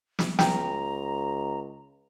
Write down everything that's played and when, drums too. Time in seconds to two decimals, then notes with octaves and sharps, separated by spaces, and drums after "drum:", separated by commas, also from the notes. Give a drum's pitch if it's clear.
0.19 drum: snare
0.39 C#2 G5 A#5, drum: snare